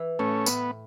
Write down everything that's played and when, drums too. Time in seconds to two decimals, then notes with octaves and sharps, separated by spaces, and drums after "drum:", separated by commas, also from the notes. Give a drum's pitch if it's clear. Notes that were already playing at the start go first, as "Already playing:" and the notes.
Already playing: E3
0.19 A2 A3 C#4
0.46 A2 B3, drum: tambourine